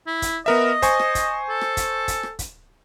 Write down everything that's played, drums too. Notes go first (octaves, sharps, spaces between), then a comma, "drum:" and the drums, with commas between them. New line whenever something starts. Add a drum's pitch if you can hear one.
E4
drum: kick, hi-hat
B3 A#4 D#5 E5
C5 G#5 C#6, drum: kick, hi-hat
drum: rim click
drum: kick, hi-hat
A4
drum: rim click
drum: kick, hi-hat
drum: kick, hi-hat
drum: rim click
drum: kick, hi-hat